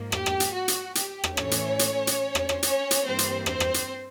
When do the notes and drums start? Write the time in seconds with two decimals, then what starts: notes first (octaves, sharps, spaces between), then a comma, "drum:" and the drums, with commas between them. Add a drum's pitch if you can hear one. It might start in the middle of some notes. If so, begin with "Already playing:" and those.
Already playing: G#2 F3 A#3
0.12 G4, drum: rim click
0.26 drum: rim click
0.40 drum: hi-hat
0.53 F#4
0.68 drum: hi-hat
0.95 G4, drum: hi-hat
1.24 drum: rim click
1.37 A2 E3 A3 C#4 C#5, drum: rim click
1.51 drum: hi-hat
1.79 drum: hi-hat
2.07 drum: hi-hat
2.35 drum: rim click
2.49 drum: rim click
2.63 C#4 C#5, drum: hi-hat
2.91 drum: hi-hat
3.04 G2 E3 G3 A#3 C4 C5
3.19 drum: hi-hat
3.46 C4 C5, drum: rim click
3.60 drum: rim click
3.74 drum: hi-hat